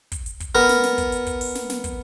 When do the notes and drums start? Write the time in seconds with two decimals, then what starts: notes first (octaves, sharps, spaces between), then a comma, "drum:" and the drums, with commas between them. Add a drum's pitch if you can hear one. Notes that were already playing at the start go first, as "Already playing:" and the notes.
0.12 drum: kick, hi-hat
0.26 drum: hi-hat
0.40 drum: kick, hi-hat
0.55 B3 A#4
0.69 drum: snare
0.83 drum: snare
0.98 drum: kick, hi-hat
1.12 drum: hi-hat
1.26 drum: kick, hi-hat
1.41 drum: open hi-hat
1.55 drum: snare
1.70 drum: snare
1.84 drum: kick, hi-hat